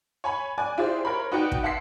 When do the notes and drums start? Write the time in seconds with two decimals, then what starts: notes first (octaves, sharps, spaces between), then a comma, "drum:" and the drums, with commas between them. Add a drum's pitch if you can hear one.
0.24 C#5 G#5 B5
0.58 D5 G#5 D6 F#6
0.78 E4 F4 G4 G#4 C5 D5
1.05 A#4 C5 C#5 B5
1.32 D#4 F#4 B4 D5 F#5 G5
1.52 drum: kick
1.63 E5 F#5 A5 C6 B6 C7